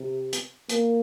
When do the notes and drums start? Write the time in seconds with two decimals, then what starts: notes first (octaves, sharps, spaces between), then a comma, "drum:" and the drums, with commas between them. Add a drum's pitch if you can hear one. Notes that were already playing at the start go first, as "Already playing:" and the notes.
Already playing: C3
0.33 drum: hi-hat
0.69 A#3, drum: hi-hat